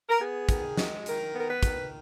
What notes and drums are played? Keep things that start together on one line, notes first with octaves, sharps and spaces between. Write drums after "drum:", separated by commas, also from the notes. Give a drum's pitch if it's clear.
A#4
B3 G#4
D#3, drum: kick, hi-hat
G#3, drum: snare
D#3 A#4, drum: hi-hat
B3 A#4
B4
D#3, drum: kick, hi-hat